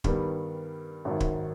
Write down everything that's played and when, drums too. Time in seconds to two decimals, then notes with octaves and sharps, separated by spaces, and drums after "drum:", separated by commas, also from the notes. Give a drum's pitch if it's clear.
0.04 G2 D#3 G3 B3, drum: kick
1.05 G#1 F#2 D#3
1.20 drum: kick